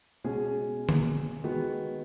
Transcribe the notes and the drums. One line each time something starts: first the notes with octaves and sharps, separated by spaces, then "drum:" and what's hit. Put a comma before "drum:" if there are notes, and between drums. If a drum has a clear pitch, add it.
B2 G#3 C#4 G#4
drum: tom D3
D#3 G#3 B3 F#4